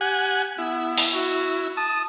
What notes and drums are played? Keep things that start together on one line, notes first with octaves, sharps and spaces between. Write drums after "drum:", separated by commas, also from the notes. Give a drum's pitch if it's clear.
G4 F#5 G#5
B3 E4
drum: open hi-hat
F#4
A5 D#6